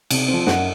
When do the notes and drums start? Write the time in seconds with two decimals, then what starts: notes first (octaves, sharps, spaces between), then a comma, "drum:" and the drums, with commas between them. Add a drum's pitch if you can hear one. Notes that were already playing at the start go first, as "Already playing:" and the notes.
0.10 C3, drum: cymbal
0.28 F3 C4
0.47 F#2 F#5, drum: snare